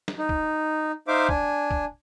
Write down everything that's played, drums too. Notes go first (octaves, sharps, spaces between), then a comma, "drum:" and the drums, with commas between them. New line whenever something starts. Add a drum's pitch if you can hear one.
drum: snare
D#4
drum: kick
D#4 C5 E5 F5 D6
D4 G#5, drum: kick
drum: kick